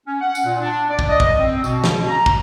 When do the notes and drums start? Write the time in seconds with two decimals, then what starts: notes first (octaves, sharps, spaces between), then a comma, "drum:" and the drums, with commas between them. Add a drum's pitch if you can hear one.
0.07 C#4
0.21 F#5
0.35 drum: tambourine
0.46 A#2
0.61 D4
0.90 D5
0.99 drum: kick
1.09 D#5
1.20 drum: kick
1.39 C4
1.64 B2, drum: tambourine
1.84 B2, drum: snare
2.08 A#5
2.26 drum: kick